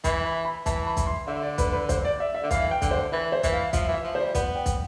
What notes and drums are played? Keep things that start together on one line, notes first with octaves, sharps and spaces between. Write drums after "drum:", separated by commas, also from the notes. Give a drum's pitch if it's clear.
E3 B5, drum: kick, hi-hat
B5
B5
E3 A5, drum: kick, hi-hat
B5
drum: kick, hi-hat
C6
D3 E5
D5
B4, drum: kick, hi-hat
B4
C5, drum: kick, hi-hat
D5
E5
E5
D3
E3 F5, drum: kick, hi-hat
G5
D3, drum: kick, hi-hat
C5
E3 B4
C5
E3, drum: kick, hi-hat
F5
F3 E5, drum: kick, hi-hat
E3
E5
F3
C5
G3
B3 B4, drum: kick, hi-hat
G5
drum: kick, hi-hat